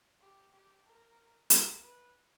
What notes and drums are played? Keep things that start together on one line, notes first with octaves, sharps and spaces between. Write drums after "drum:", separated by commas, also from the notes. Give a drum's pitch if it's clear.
G4
G4
A#4
A#4, drum: hi-hat
B4